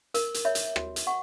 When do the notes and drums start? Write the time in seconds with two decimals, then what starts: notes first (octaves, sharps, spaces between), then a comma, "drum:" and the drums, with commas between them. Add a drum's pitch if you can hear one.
0.14 A#4, drum: hi-hat
0.34 drum: hi-hat
0.45 C#5 E5 B5
0.55 drum: hi-hat
0.76 F#4, drum: rim click
0.96 drum: hi-hat
1.07 F#5 C#6